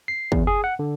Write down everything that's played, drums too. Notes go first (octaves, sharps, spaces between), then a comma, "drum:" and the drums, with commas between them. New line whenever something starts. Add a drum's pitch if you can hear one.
C7
E2, drum: kick
G#4
F#5
D3